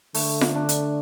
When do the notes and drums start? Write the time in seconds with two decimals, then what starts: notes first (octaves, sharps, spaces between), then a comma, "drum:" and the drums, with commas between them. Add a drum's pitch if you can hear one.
0.14 D3 A3, drum: open hi-hat
0.41 drum: snare F4
0.55 D4
0.69 drum: hi-hat